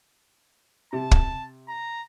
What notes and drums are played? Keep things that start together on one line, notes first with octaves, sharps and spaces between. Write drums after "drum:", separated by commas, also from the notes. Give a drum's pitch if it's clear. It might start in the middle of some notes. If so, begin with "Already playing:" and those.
C3 A5
drum: kick
A#5